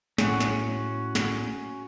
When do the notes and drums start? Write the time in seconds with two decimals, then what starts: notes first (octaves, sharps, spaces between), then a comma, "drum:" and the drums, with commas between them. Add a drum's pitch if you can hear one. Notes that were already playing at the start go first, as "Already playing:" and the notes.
0.18 A2 C#4 F#4, drum: snare
0.40 drum: snare
1.15 drum: snare